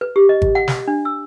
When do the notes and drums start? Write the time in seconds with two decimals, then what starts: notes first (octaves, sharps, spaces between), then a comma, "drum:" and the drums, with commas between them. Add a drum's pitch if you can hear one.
0.01 B4
0.16 G4
0.29 D#5
0.42 drum: kick G#1
0.55 F#5
0.68 drum: snare
0.88 D4
1.05 E6